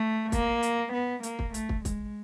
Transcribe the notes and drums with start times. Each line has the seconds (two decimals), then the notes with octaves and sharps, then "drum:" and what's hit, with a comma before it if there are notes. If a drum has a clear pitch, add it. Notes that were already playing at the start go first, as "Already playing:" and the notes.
Already playing: A3
0.32 A#3, drum: kick, hi-hat
0.63 drum: hi-hat
0.93 B3
1.23 A#3, drum: hi-hat
1.39 drum: kick
1.54 A3, drum: hi-hat
1.69 drum: kick
1.85 G#3, drum: kick, hi-hat